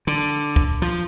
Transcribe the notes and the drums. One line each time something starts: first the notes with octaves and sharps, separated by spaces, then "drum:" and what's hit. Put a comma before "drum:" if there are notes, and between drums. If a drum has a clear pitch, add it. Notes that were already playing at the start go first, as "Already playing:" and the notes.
D3
drum: kick
F3